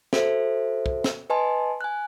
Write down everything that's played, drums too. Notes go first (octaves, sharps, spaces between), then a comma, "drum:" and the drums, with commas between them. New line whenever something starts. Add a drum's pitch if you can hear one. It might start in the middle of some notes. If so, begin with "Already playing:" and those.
F#4 A4 C5 E5, drum: snare
drum: kick
drum: snare
B4 D#5 G#5 A5 C6
G#5 F#6